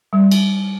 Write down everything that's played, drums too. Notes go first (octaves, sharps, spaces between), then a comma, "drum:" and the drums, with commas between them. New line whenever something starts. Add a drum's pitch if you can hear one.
G3
drum: cymbal